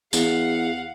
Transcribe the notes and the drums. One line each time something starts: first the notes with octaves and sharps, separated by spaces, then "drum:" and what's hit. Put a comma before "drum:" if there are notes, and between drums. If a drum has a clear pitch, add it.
E2 G#4 F5 F#5, drum: tambourine